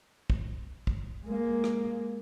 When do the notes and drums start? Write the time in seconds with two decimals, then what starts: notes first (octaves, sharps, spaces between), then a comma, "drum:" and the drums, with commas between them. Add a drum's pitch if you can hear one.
0.30 drum: kick
0.87 drum: kick
1.26 G#3 A#3
1.64 drum: rim click